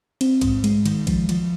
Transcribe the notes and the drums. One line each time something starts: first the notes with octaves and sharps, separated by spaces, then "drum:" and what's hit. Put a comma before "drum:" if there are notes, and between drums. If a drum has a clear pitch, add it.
C4, drum: cymbal
G#2, drum: kick A#1, cymbal
G#3, drum: cymbal
D#3, drum: cymbal
F3, drum: kick A#1, cymbal
F3, drum: cymbal